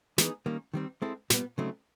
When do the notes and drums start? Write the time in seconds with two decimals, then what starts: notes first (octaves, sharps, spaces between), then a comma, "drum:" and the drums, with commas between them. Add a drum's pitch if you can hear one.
0.18 E3 G#3 B3 D#4 G#4, drum: snare
0.46 D#3 G3 A#3 C#4
0.74 D#3 G3 C4
1.02 G#3 C4 E4 A4
1.30 A#2 G3 B3, drum: snare
1.58 C#3 F#3 A3 C4 D#4